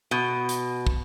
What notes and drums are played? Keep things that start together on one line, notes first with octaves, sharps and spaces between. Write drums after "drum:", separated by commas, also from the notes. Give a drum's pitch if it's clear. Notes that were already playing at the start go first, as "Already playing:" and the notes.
B2
drum: hi-hat
drum: kick